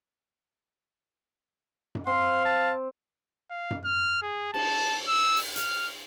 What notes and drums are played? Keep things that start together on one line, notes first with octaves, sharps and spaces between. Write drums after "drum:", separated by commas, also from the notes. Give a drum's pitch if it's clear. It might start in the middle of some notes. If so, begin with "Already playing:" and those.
drum: tom F#2
C4 F5 C6
A5
F5
drum: tom F#2
F6
G#4
A5, drum: cymbal
E6
drum: open hi-hat
F6, drum: hi-hat